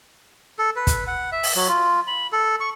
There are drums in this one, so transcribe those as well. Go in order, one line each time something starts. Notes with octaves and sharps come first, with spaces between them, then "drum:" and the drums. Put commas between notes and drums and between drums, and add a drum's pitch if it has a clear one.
A4
B4
drum: kick, hi-hat
F#5
E5
drum: open hi-hat
F#3
F4
B5
A4
C#6